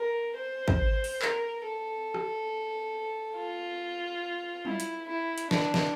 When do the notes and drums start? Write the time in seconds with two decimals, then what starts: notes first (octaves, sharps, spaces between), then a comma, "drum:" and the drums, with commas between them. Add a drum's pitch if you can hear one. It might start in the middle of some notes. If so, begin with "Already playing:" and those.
Already playing: A#4
0.36 C5
0.68 drum: kick
1.04 drum: open hi-hat
1.22 A#4, drum: clap
1.64 A4
2.14 drum: rim click
3.36 F4
4.65 E4, drum: tom F#3
4.80 drum: hi-hat
5.08 E4
5.38 drum: hi-hat
5.51 D4, drum: snare
5.74 drum: snare